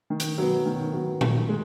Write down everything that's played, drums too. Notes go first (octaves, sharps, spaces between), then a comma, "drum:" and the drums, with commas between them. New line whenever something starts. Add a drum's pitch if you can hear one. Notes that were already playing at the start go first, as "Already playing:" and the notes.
D#3
drum: hi-hat
F#3 B3
D#3
F#3 B3
D#3, drum: tom A#2
G#3